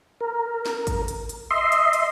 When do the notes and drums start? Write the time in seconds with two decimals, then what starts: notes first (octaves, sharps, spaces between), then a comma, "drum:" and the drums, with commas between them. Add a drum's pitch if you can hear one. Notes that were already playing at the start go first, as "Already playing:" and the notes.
0.21 A#4
0.66 drum: snare
0.87 drum: kick, hi-hat
1.08 drum: hi-hat
1.29 drum: hi-hat
1.51 D#5 E5 C6
1.72 drum: hi-hat
1.93 drum: hi-hat